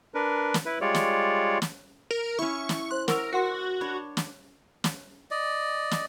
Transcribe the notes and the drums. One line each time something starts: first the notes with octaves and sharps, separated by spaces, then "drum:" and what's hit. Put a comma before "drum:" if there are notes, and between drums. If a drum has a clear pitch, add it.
D4 A#4 B4
drum: snare
E4 B4
G3 G#3 F4 C#5 D5
drum: snare
drum: snare
A#4
C#4 E4 C#6
drum: snare
C5 C6 F#6
A#4 F#5 C#6 E6, drum: snare
F#4 A#4 F#5 C6
D4 C#5 B5
drum: snare
drum: snare
D5 D#5
drum: snare